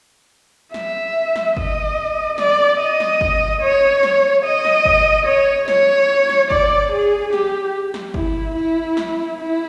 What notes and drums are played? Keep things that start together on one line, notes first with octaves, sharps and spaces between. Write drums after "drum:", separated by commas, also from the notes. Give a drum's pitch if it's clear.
E5, drum: snare
drum: snare
D#5, drum: kick G1
D5, drum: snare
D#5
drum: snare
drum: kick G1
C#5
drum: snare
D#5
drum: snare
drum: kick G1
C#5
C#5, drum: snare
drum: snare
D5, drum: kick G1
G#4
G4, drum: snare
drum: snare
E4, drum: kick G1
E4
drum: snare
E4